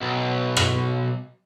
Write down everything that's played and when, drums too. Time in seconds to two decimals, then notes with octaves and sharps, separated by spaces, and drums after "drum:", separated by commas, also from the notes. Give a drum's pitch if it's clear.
0.01 B1
0.57 drum: rim click